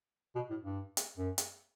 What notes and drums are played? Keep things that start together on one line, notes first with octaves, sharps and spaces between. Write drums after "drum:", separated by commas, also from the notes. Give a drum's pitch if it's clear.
B2
A2
G2
drum: hi-hat
F#2
drum: hi-hat